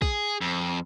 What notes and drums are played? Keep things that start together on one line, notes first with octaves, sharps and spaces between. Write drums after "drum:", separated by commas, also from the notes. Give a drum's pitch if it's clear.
G#4, drum: kick
F2